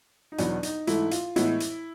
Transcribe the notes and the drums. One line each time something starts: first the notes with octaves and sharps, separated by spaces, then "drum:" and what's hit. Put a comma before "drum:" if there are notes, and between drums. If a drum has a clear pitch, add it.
D#4
E2 B2 F#3 B3 D4, drum: hi-hat
D#4, drum: hi-hat
G#2 E3 A3 E4, drum: hi-hat
F4, drum: hi-hat
A2 E3 G#3 B3 E4, drum: hi-hat
drum: hi-hat